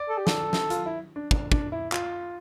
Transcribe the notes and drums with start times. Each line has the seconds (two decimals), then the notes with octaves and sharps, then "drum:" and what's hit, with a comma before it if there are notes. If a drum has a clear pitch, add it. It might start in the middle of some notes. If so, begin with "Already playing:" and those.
Already playing: D5
0.09 A4
0.18 G4
0.27 A4, drum: snare
0.53 drum: snare
0.70 F4, drum: hi-hat
0.86 E4
1.16 D4
1.31 D4, drum: kick
1.52 D4, drum: kick
1.72 E4
1.92 F4, drum: clap